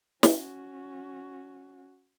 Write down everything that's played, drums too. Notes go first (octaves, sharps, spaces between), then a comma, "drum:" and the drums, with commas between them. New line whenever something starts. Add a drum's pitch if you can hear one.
C#4 F#4, drum: snare